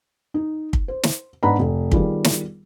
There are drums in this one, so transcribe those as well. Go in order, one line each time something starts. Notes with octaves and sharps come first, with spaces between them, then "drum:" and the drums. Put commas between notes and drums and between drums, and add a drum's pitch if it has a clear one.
D#4
drum: kick
C5
drum: snare
G#2 B3 D4 F#5 A#5 B5
F1
D#3 G3 B3 F4 G#4, drum: kick
drum: snare